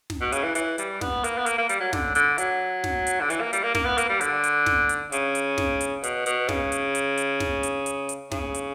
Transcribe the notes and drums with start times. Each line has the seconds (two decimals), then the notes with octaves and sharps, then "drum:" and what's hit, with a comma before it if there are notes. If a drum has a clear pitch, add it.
0.10 drum: snare
0.21 B2
0.32 C#3, drum: hi-hat
0.44 E3
0.55 E3, drum: hi-hat
0.78 G3, drum: hi-hat
1.01 B3, drum: snare
1.24 A#3, drum: hi-hat
1.38 B3
1.46 A#3, drum: hi-hat
1.58 A#3
1.69 G3, drum: hi-hat
1.80 F#3
1.93 D3, drum: snare
2.15 D3, drum: hi-hat
2.38 F#3, drum: hi-hat
2.84 drum: snare
3.07 drum: hi-hat
3.20 D3
3.30 E3, drum: hi-hat
3.41 A#3
3.53 G3, drum: hi-hat
3.63 A#3
3.75 A#3, drum: snare
3.86 B3
3.98 A#3, drum: hi-hat
4.09 G3
4.21 D3, drum: hi-hat
4.44 drum: hi-hat
4.66 drum: snare
4.89 drum: hi-hat
5.12 C#3, drum: hi-hat
5.35 drum: hi-hat
5.58 drum: snare
5.81 drum: hi-hat
6.04 B2, drum: hi-hat
6.26 B2, drum: hi-hat
6.49 C#3, drum: snare
6.72 drum: hi-hat
6.95 drum: hi-hat
7.17 drum: hi-hat
7.40 drum: snare
7.63 drum: hi-hat
7.86 drum: hi-hat
8.09 drum: hi-hat
8.32 C#3, drum: snare
8.54 drum: hi-hat